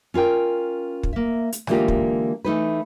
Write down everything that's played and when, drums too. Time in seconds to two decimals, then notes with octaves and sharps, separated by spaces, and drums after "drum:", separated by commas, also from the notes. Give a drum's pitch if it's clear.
0.14 C#4 F4 A#4 G5
1.03 drum: kick
1.13 A#3 E5
1.52 drum: hi-hat
1.67 D3 E3 G#3 A#3 F4 G4, drum: rim click
1.88 drum: kick
2.45 E3 A3 D#4 B4